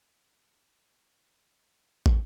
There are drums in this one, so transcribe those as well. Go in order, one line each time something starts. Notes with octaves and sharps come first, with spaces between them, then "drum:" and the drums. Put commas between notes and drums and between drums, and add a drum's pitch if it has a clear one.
D#6
F#5
G6
G#5
F5
A#3
E5
D#4
B4
C#5
drum: kick